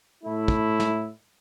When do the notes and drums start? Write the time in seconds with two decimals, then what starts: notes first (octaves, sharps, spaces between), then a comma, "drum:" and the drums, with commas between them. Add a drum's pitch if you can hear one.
0.24 A2 A3 E4
0.48 drum: kick
0.80 drum: snare